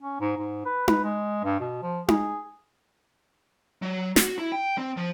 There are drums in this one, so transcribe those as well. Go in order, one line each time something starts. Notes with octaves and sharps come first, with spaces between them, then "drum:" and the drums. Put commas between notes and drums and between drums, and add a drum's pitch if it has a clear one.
C#4
G#2
G#2
B4
B4, drum: tom D#4
G#3
G2
B2
F3
G#4, drum: tom D#4
F#3
F#4, drum: snare
E4
G5
C4
F3